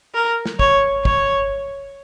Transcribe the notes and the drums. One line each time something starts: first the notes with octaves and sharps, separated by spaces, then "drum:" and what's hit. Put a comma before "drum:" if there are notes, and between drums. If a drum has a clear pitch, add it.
A#4
drum: snare
C#5, drum: kick
C#5, drum: kick